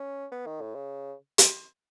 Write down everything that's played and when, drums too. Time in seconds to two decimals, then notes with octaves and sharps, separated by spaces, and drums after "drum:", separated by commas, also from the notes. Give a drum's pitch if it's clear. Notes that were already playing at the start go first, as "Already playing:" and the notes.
Already playing: C#4
0.32 B3
0.46 D#3
0.61 A2
0.75 C#3
1.38 drum: hi-hat